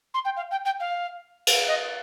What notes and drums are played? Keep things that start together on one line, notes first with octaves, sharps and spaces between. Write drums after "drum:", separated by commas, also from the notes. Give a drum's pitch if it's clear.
C6
G5
F5
G5
G5
F5
drum: cymbal
D#5